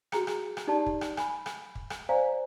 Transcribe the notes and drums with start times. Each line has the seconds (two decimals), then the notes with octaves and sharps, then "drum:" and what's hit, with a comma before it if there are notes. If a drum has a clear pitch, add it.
0.12 F#4 G#4 A#5 C#7, drum: rim click
0.27 drum: rim click
0.57 drum: rim click
0.67 D#4 G4 D5 A5
0.86 drum: kick
1.01 drum: rim click
1.17 G#5 B5, drum: rim click
1.46 drum: rim click
1.75 drum: kick
1.90 drum: rim click
2.09 C5 D5 F5 G#5 A#5